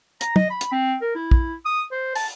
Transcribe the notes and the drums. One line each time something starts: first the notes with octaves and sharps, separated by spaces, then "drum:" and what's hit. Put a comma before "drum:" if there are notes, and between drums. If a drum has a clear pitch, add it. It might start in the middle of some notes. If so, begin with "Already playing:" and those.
A#5, drum: hi-hat
D#5, drum: tom
B5
drum: hi-hat
C4
A#4
E4
drum: kick
D#6
C5
A5, drum: open hi-hat